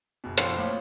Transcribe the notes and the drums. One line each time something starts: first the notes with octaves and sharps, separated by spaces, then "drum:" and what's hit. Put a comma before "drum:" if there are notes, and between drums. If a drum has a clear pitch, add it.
F#1 B2
F2 A2 D4 C5, drum: hi-hat
A3 A#3 F4 C#5